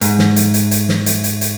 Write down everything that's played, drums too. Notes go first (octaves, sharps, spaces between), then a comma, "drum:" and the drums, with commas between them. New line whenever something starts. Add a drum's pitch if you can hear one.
G#2, drum: hi-hat
drum: snare
drum: hi-hat
drum: hi-hat
drum: hi-hat
drum: snare
drum: hi-hat
drum: hi-hat
drum: hi-hat